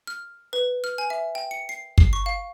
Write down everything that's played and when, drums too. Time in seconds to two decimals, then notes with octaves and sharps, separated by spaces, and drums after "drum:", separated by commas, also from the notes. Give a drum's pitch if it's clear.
0.07 F6
0.53 B4
0.84 F6
0.98 G#5
1.10 E5
1.35 G5
1.51 C#7
1.69 C7
1.98 C7, drum: kick
2.13 C#6
2.26 F5